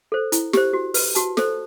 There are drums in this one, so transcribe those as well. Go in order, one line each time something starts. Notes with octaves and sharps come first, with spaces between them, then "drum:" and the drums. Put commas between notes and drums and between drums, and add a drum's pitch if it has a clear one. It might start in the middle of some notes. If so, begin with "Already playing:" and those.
A4 C5
E4, drum: hi-hat
G4 C5, drum: snare
F#4
B4, drum: open hi-hat
F#4 A5, drum: hi-hat
A4 C5, drum: snare